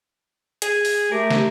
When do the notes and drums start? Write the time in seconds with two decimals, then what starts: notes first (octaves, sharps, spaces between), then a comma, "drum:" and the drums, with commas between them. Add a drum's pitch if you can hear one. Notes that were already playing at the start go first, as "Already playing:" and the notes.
0.62 G#4, drum: hi-hat
0.85 drum: open hi-hat
1.11 A3 G4 A#4
1.30 drum: snare